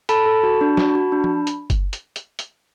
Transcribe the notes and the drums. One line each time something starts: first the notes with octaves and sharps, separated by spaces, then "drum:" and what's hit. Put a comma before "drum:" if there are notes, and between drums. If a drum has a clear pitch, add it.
A4 A5 B5, drum: hi-hat
A4
F#4
D4
F#4, drum: snare
F#4
D4
drum: tom F3
drum: hi-hat
drum: kick F#1, hi-hat
drum: hi-hat
drum: hi-hat
drum: hi-hat